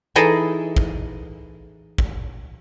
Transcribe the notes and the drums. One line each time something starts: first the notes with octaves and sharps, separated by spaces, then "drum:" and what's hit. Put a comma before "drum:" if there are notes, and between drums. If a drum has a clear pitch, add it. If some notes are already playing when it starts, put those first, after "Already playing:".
E3 D#4 E4 G#4 A4 D#5
drum: kick
drum: kick